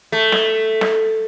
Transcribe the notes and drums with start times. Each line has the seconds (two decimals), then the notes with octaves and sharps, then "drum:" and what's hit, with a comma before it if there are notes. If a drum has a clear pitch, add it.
0.12 A3
0.32 drum: snare
0.81 drum: snare